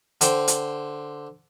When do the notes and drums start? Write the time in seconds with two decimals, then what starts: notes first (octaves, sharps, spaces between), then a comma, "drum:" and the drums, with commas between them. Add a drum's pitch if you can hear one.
0.21 D3 C5 G5, drum: hi-hat
0.48 drum: hi-hat